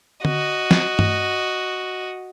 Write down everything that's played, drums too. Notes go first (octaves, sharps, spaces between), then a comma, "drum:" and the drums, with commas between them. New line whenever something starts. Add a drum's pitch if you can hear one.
F#4 D#5, drum: tom D3
drum: snare
drum: tom G2